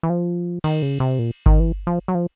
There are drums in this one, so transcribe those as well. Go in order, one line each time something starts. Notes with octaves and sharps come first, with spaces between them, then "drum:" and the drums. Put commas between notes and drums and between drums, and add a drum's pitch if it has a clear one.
E3
F3
D#3, drum: cymbal
C#3
C3
A#2
D#3, drum: kick G1
E3
F3
F#3
F3